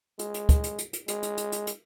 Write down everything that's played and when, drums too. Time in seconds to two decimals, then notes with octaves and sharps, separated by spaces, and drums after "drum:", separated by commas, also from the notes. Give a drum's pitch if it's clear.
0.19 G#3, drum: hi-hat
0.34 drum: hi-hat
0.49 drum: kick, hi-hat
0.64 drum: hi-hat
0.78 drum: hi-hat
0.93 drum: hi-hat
1.08 G#3, drum: hi-hat
1.23 drum: hi-hat
1.37 drum: hi-hat
1.52 drum: hi-hat
1.67 drum: hi-hat